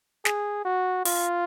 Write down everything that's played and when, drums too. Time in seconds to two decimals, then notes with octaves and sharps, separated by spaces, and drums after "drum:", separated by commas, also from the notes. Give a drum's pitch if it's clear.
0.25 G#4, drum: snare
0.65 F#4
1.05 F4, drum: open hi-hat